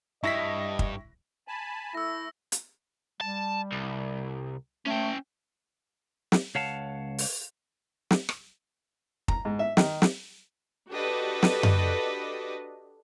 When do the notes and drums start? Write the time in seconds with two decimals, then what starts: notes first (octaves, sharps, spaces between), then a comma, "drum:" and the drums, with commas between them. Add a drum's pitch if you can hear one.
0.24 G2 E4 D#5 C#6 A#6 B6
0.79 drum: kick
1.48 G#5 A5 B5
1.94 A3 E4 E6 A#6
2.52 drum: hi-hat
3.21 G3 A5
3.72 C2
4.87 A3 C#4 G5
6.32 drum: snare
6.55 C#2 C#5 F5 F#5 A5
7.18 drum: open hi-hat
8.11 drum: snare
8.29 drum: rim click
9.28 A#5, drum: kick
9.45 G#2
9.59 E5
9.77 D#3, drum: snare
10.02 drum: snare
10.90 D4 F#4 G4 A4 B4 D#5
11.43 drum: snare
11.63 drum: tom F#2